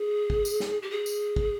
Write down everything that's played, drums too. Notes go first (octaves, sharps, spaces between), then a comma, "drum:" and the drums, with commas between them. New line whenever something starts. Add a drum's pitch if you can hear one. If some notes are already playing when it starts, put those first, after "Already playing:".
Already playing: G#4
drum: kick
drum: tambourine
drum: snare
G4
G#4
drum: tambourine
drum: kick